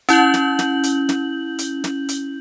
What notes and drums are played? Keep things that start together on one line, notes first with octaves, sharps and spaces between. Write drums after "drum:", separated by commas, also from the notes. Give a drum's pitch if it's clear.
C#4 E4 G6 F#7, drum: hi-hat
drum: snare
drum: snare
drum: hi-hat
drum: snare
drum: hi-hat
drum: snare
drum: hi-hat